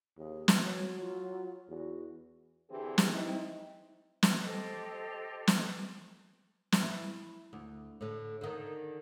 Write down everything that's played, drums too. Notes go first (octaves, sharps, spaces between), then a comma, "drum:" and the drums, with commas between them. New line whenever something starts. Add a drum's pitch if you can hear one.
D#2 G#4
drum: snare
F#3 C#5
F4
E2 F#4
D3 E3 C4 G4 G#4
drum: snare
C4 D#4 E4
drum: snare
G4 A4 C5 D#5
drum: snare
drum: snare
E4
D2
A2 D3
D3 D#3